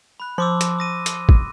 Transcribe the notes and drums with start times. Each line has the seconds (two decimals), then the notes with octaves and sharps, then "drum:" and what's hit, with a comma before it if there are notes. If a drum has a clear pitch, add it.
0.20 B5 F#6
0.38 F3 C6 D6 E6
0.61 drum: hi-hat
0.79 D#6 A#6 D#7
1.06 drum: hi-hat
1.29 drum: kick